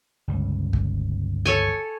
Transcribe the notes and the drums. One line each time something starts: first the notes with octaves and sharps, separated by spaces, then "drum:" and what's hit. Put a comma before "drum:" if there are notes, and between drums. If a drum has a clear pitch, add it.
G1 C#2
drum: kick
A4 C#5 G#5